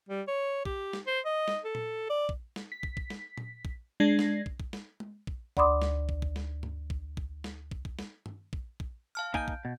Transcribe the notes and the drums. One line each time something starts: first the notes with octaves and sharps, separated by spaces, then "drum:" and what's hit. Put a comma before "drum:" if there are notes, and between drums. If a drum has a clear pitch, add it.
G3
C#5
G4, drum: kick
drum: snare
C5
D#5
drum: snare
A4
drum: tom A#2
D5
drum: kick
drum: snare
B6
drum: kick
drum: kick
drum: snare
drum: tom A#2
drum: kick
G#3 D4 G#6 A#6 C7
drum: snare
drum: kick
drum: kick
drum: snare
drum: tom G#3
drum: kick
D2 D5 B5 C6 D6 D#6, drum: kick
drum: snare
drum: kick
drum: kick
drum: snare
drum: tom G2
drum: kick
drum: kick
drum: snare
drum: kick
drum: kick
drum: snare
drum: tom G2
drum: kick
drum: kick
F5 A5 F6
A#3 D#4 G#5 G6 D7, drum: kick
drum: kick
B2